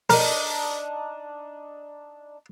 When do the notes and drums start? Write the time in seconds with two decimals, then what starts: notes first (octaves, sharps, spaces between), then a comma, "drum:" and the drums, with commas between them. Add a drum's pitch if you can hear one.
0.10 D4 D#4 A#4, drum: open hi-hat